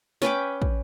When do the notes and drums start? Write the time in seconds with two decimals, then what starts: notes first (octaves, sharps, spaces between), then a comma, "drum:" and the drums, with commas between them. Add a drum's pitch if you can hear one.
0.22 C#4 B4 G5 D6, drum: snare
0.62 drum: kick